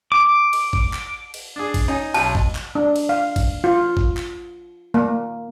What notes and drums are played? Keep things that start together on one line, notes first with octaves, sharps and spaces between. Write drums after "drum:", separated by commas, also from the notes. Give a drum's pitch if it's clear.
D6
drum: cymbal
drum: kick G#1
drum: clap
drum: cymbal
D4 G#4
drum: kick G#1, cymbal
C#4 D#4 G#5
B1 A5, drum: cymbal
drum: kick G#1
drum: clap
D4
drum: cymbal
F5
drum: kick G#1, cymbal
F4
drum: kick G#1
drum: clap
A#3